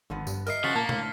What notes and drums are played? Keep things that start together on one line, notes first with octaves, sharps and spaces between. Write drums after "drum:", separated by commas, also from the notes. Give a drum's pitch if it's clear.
G#1 D3 F3 B3
G2, drum: tambourine
A#4 D#5 E5 F6 C7, drum: tambourine
C#3 F3 F#4 A6 B6 C#7
A#2 A#3 A5
A2 D3, drum: tom B2